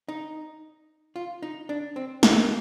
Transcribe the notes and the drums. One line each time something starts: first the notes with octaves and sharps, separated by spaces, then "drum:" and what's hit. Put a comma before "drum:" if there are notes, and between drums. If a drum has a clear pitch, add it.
D#4
F4
D#4
D4
C4
A#3, drum: snare
A3
A#3